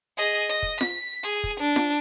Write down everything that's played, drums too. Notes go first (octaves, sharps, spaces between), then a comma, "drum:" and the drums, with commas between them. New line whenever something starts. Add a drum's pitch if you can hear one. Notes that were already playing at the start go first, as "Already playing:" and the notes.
G#4 D#5
D#5
drum: kick
B6, drum: snare F4
G#4
drum: kick
D4
drum: snare F4